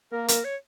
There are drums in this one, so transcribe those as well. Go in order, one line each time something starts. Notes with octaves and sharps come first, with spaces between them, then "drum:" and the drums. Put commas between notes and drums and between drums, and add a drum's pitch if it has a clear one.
A#3 A#4
A#4, drum: hi-hat
C#5